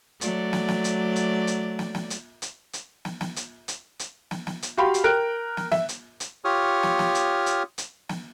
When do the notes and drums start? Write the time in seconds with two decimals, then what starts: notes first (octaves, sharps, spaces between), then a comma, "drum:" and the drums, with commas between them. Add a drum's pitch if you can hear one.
0.21 F#3 A3 D5, drum: hi-hat
0.53 drum: snare
0.68 drum: snare
0.84 drum: hi-hat
1.16 drum: hi-hat
1.47 drum: hi-hat
1.79 drum: snare
1.95 drum: snare
2.10 drum: hi-hat
2.42 drum: hi-hat
2.73 drum: hi-hat
3.05 drum: snare
3.21 drum: snare
3.36 drum: hi-hat
3.68 drum: hi-hat
3.99 drum: hi-hat
4.31 drum: snare
4.47 drum: snare
4.62 drum: hi-hat
4.77 F#4 G4 F5 G5 B5 C6
4.94 drum: hi-hat
5.04 A#4 G5 F#6 D7
5.57 drum: snare
5.72 E5, drum: snare
5.89 drum: hi-hat
6.20 drum: hi-hat
6.45 F4 G4 C#5 C#6 D#6 F6
6.83 drum: snare
6.99 drum: snare
7.15 drum: hi-hat
7.46 drum: hi-hat
7.78 drum: hi-hat
8.09 drum: snare